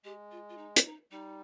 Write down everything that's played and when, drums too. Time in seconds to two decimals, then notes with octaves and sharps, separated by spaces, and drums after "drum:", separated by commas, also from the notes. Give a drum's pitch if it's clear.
0.04 G#3 G4
0.32 F4
0.49 F4
0.58 D#4
0.76 F4, drum: hi-hat
0.86 D#4
1.11 G3 D#4